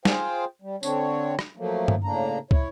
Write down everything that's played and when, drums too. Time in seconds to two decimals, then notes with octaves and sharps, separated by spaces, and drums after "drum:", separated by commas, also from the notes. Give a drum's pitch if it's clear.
0.05 F4 G#4 C5 F5 G5, drum: snare
0.62 G3
0.83 D3 C4 D4 C#5, drum: tambourine
1.39 drum: rim click
1.57 F3 F#3 A3 A#3
1.88 drum: tom G2
2.04 A2 C#3 A#3 D4 A#5
2.51 E4 C#5, drum: kick